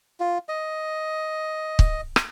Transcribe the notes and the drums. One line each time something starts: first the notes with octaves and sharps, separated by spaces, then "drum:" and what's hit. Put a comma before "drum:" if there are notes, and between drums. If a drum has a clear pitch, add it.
F4
D#5
drum: kick
drum: rim click